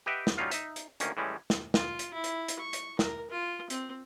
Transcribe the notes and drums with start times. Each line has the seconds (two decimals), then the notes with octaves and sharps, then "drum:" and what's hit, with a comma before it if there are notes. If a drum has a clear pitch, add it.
0.06 G4 B4 D#5 E5 F#5 G5
0.27 drum: snare
0.37 F#3 G3 C#4 D#4 F4 F5
0.51 D#4 E5, drum: hi-hat
0.76 drum: hi-hat
1.00 D2 D#3 A#3 C#4, drum: hi-hat
1.17 A2 E3 G3 G#3 C#4
1.50 drum: snare
1.74 F4, drum: snare
1.99 drum: hi-hat
2.13 E4
2.24 drum: hi-hat
2.48 drum: hi-hat
2.59 C#6
2.73 drum: hi-hat
2.99 A#4, drum: snare
3.30 F4
3.70 C4, drum: hi-hat